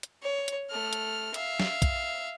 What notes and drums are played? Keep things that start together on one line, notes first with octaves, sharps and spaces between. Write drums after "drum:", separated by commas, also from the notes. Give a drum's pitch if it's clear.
drum: hi-hat
C#5
drum: hi-hat
A3 F6
drum: hi-hat
E5 F5, drum: hi-hat
drum: snare
drum: kick, hi-hat